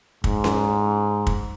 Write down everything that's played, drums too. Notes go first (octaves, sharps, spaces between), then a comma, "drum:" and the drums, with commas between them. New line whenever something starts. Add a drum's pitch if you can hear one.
G#2, drum: kick
drum: snare C#4
drum: kick